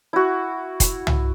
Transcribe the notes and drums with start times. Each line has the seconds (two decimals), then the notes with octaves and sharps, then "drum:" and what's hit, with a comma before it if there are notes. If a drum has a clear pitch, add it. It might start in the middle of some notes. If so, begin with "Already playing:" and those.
0.13 E4 F#4
0.80 drum: kick F1, hi-hat
1.07 drum: tom C2